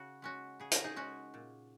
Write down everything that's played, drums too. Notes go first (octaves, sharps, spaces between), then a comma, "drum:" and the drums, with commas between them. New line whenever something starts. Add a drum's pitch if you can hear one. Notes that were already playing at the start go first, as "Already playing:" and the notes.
Already playing: C#3 F#4
G#3 C#4 F#4
C#3 G#4
A#4, drum: hi-hat
D#4 G#4
G#3 C#4 F#4
A#2